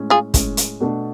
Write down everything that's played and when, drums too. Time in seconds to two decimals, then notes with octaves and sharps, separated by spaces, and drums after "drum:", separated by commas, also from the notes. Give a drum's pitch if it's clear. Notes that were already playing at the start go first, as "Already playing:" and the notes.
Already playing: A2 G#3 C#4
0.10 F4 G#4
0.34 A2 G#3 C#4, drum: kick, hi-hat
0.57 drum: hi-hat
0.80 B2 A3 D4